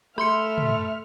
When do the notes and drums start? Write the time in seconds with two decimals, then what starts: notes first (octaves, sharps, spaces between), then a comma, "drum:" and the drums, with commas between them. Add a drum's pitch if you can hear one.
0.18 A3 E5 B5 C6 F6 C#7, drum: rim click
0.58 drum: tom